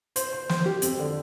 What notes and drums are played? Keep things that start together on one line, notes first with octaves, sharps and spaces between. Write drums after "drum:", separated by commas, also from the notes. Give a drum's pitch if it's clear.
C5, drum: hi-hat
C5
C5, drum: snare
G4
F2, drum: hi-hat
D3